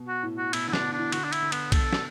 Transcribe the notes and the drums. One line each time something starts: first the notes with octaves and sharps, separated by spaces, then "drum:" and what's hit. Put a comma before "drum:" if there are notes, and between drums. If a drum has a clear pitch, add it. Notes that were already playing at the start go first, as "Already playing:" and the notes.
Already playing: B2
F#4
A2
F#4
B2 E4, drum: cymbal
D3 E4
D4, drum: snare
B2
E3 D4
D3 F#4, drum: cymbal
D4
E4, drum: cymbal
D3
B3, drum: cymbal
B2 A4, drum: kick, cymbal
drum: snare